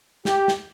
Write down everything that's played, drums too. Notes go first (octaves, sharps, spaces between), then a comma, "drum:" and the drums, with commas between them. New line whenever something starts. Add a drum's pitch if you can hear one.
G4, drum: snare
drum: snare